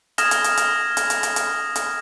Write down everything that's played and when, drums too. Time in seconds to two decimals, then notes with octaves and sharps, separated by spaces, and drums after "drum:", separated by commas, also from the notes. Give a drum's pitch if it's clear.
0.18 D#6 F6 G#6 A#6 E7, drum: hi-hat
0.31 drum: hi-hat
0.44 drum: hi-hat
0.57 drum: hi-hat
0.97 drum: hi-hat
1.10 drum: hi-hat
1.23 drum: hi-hat
1.36 drum: hi-hat
1.76 drum: hi-hat